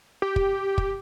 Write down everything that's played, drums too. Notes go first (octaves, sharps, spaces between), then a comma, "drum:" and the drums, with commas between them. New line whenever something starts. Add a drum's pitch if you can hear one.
G4
drum: kick
drum: kick